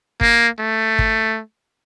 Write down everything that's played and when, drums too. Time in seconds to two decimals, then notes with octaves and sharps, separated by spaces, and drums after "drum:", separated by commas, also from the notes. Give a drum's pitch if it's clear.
0.21 A#3, drum: kick
0.59 A3
0.99 drum: kick